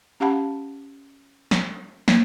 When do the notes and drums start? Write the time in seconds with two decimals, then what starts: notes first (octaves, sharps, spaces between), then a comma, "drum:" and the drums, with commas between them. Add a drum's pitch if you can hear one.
0.20 C#4 G4 F5 F#5 A5 B5
1.51 drum: snare
2.08 A#3, drum: snare